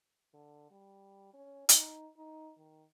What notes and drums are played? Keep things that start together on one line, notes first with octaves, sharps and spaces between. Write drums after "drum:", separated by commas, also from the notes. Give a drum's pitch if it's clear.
D3
G3
C#4
D#4, drum: hi-hat
D#4
D#3